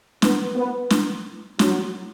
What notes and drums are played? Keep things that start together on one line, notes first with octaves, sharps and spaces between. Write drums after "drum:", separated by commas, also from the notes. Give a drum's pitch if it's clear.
B3, drum: snare
B3
drum: snare
F#3, drum: snare